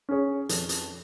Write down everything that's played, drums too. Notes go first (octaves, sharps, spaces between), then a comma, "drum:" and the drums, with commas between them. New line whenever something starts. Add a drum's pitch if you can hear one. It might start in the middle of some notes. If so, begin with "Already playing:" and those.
C#4 G#4 C#5
F2, drum: hi-hat
drum: hi-hat